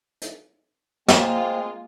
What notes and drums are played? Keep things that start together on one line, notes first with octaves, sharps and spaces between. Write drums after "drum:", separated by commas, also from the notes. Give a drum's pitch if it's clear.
drum: hi-hat
G#3 A#3 C4 F4, drum: snare